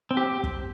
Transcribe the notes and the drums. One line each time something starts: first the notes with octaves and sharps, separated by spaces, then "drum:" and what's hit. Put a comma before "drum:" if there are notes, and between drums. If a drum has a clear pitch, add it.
C4
G4
drum: kick